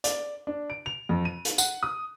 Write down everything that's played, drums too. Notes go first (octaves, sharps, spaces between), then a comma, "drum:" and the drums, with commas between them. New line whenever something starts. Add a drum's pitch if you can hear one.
D5, drum: hi-hat
D4
D7
F7
F2
D#7
drum: hi-hat
F#5, drum: tambourine
D#6